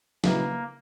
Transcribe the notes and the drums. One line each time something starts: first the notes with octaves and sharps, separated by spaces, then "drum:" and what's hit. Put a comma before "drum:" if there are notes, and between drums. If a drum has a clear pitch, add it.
C#3 F#3 A#3 B3 E4, drum: snare